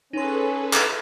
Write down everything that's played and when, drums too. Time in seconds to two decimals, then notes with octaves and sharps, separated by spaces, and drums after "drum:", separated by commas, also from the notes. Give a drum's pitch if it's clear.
0.13 C#4 D#4 G#4 A4 B4 C6
0.73 drum: clap